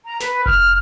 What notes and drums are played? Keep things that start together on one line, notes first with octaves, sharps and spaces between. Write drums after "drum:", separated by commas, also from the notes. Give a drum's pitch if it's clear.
A#5
B4, drum: snare
F6, drum: kick F1